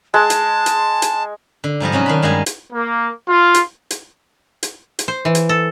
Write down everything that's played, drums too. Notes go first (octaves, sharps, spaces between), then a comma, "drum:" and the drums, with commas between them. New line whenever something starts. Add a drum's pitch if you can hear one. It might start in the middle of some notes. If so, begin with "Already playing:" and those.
G#3 A5
drum: hi-hat
drum: hi-hat
drum: hi-hat
D3
G#2 F3 G3 D#5
C3 F#3 C#4 D#4
D#3 D4 B5
G2 G#3 A#3 G4 D#5 G#5
drum: hi-hat
A#3
F4
drum: hi-hat
drum: hi-hat
drum: hi-hat
drum: hi-hat
C5
E3
drum: hi-hat
A4